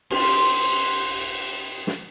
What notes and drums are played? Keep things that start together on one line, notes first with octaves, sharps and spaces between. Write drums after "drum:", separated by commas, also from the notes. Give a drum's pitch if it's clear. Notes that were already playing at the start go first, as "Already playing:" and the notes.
F4 G4 C5, drum: cymbal
drum: snare